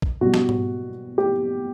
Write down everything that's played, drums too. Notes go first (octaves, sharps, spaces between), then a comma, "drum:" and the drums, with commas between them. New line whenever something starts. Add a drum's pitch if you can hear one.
drum: kick
B2 G3 F#4
drum: snare
drum: tom G#2
G4